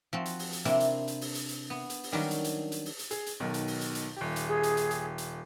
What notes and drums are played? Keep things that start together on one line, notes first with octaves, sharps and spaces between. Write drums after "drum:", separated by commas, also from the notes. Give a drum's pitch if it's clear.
F3 C4 F#4
drum: hi-hat
drum: open hi-hat
drum: hi-hat
C3 A#3 C4 D4 E4, drum: hi-hat
drum: hi-hat
drum: hi-hat
drum: open hi-hat
drum: hi-hat
drum: hi-hat
B3
drum: hi-hat
drum: open hi-hat
D#3 F#3 G3 C#4 D4
drum: hi-hat
drum: hi-hat
drum: hi-hat
drum: open hi-hat
drum: hi-hat
G#4, drum: hi-hat
drum: hi-hat
B1 B2 D#3
drum: hi-hat
drum: open hi-hat
drum: hi-hat
drum: hi-hat
D#1 G4
drum: hi-hat
G#4
drum: hi-hat
drum: hi-hat
drum: hi-hat
drum: hi-hat